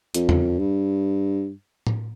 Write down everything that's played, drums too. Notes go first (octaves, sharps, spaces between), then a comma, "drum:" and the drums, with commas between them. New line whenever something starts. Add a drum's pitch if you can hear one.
F2, drum: hi-hat
drum: tom E2
G2
drum: tom A2